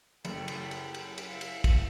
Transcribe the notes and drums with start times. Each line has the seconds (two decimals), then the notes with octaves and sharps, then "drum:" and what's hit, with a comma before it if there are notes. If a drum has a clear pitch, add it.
0.25 F#1 A3 G4, drum: cymbal
0.48 drum: cymbal
0.71 drum: cymbal
0.94 drum: cymbal
1.18 drum: cymbal
1.28 E5 F5
1.41 drum: cymbal
1.64 drum: kick, cymbal